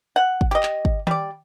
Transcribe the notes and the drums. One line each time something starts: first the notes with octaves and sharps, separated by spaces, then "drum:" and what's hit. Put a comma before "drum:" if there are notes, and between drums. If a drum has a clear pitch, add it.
F#5
drum: kick
G4 D#5
drum: clap
drum: kick
G3 D5, drum: tom D#3